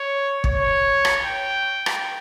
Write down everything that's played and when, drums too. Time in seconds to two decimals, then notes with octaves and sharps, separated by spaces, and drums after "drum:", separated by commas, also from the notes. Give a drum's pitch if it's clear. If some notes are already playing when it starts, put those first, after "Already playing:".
Already playing: C#5
0.44 C#5, drum: kick
1.05 drum: rim click
1.25 G5
1.86 drum: rim click